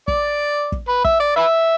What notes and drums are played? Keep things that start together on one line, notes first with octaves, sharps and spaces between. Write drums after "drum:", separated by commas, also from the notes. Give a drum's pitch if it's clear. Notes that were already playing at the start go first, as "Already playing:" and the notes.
D5, drum: kick
drum: kick
B4
E5, drum: kick
D5
B4 E5